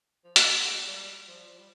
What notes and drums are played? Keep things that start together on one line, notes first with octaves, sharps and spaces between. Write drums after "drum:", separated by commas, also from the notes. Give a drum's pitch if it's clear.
F3
G3, drum: hi-hat
G#3
G3
F3
F3
G3